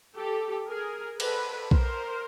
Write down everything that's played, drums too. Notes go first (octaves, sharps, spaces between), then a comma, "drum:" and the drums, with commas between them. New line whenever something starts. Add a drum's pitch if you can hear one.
G4 A4
G#4 A#4
A4 B4, drum: cymbal
A#4 C5, drum: kick B1